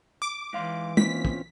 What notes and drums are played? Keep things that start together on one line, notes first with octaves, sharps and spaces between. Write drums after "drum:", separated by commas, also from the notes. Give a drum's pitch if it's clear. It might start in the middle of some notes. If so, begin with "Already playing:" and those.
D6
G#2 E3 F5 C6
D#3 A#3 C4 C#4 F4 B6, drum: tom
drum: kick